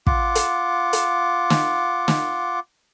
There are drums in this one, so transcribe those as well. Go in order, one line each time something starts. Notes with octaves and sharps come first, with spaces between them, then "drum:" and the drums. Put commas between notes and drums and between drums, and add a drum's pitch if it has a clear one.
F4 F#5 D6, drum: kick
drum: hi-hat
drum: hi-hat
drum: snare
drum: snare